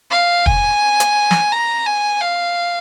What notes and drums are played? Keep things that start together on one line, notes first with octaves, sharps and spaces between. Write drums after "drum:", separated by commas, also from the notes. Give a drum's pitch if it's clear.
F5
G#5, drum: kick
drum: hi-hat
drum: snare
A#5
G#5
F5